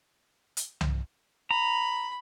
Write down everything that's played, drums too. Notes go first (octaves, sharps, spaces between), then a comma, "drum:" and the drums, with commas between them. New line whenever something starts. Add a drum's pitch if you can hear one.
drum: hi-hat
drum: tom C2
A#5 B5